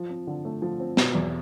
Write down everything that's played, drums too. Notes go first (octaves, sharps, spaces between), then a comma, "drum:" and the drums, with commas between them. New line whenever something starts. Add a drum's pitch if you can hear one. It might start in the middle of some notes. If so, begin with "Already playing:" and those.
Already playing: F3
C4
D3
A3
F3
C4
B2, drum: snare
E2